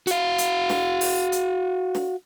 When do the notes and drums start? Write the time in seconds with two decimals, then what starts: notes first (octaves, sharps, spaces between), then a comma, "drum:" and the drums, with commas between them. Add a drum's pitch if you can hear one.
0.07 F#4 F5, drum: hi-hat
0.38 drum: hi-hat
0.70 drum: snare
1.01 drum: open hi-hat
1.32 drum: hi-hat
1.95 drum: snare